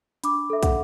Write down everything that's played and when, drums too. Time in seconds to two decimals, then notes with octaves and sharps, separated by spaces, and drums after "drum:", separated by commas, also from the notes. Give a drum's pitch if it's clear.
0.24 D4 B5 D6, drum: hi-hat
0.50 A4 E5
0.63 F#5, drum: kick, hi-hat